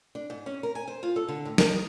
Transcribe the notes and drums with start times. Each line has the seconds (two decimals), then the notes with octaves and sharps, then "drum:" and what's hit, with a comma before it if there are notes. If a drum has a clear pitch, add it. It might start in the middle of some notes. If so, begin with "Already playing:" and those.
0.15 D4
0.30 G#2
0.46 C#4
0.63 A#4
0.75 G#5
0.88 C5
1.03 F4
1.16 A4
1.28 D3
1.45 A2
1.58 A#4, drum: snare
1.70 D#5